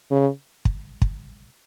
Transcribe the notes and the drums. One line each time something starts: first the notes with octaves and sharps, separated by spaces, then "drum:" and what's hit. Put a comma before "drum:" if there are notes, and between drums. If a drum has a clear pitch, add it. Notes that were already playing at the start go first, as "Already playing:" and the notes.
C#3
drum: kick
drum: kick